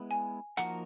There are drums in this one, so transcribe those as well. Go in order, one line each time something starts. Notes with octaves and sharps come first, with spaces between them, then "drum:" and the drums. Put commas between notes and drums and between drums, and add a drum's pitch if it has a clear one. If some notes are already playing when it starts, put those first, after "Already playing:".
Already playing: G#3 B3 E4
G#5
F3 A#3 D#4 F#4 A#4 F#5, drum: hi-hat